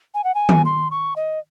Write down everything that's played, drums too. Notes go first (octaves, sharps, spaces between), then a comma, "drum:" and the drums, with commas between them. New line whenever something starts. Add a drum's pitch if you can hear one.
G#5
F#5
G#5
drum: tom D#3
C6
C#6
D#5